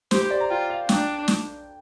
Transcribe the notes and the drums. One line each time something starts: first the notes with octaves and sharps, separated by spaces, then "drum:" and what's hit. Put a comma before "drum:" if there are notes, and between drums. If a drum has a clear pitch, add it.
G4 C5, drum: snare
C5
D5
A#5
F4 G5
F5
D4 G5, drum: snare
drum: snare